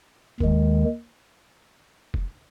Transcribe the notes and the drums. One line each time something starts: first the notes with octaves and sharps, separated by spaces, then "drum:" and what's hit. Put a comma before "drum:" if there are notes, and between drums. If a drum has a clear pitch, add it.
D#2 D#3 G#3, drum: kick F1
drum: kick F1